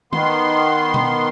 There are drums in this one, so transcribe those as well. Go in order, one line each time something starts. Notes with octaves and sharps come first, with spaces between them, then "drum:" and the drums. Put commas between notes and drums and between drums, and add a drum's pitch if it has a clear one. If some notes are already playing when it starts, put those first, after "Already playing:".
D#3 B3 C6, drum: tom D#3
drum: tom B2